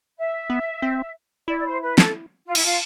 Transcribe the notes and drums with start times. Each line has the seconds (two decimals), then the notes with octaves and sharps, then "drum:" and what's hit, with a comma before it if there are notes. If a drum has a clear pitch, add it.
0.18 E5
0.50 B3
0.82 C4
1.48 E4 D5
1.58 D5
1.65 C5
1.82 B4
1.98 A4, drum: snare
2.46 F4
2.55 E4, drum: cymbal
2.64 F4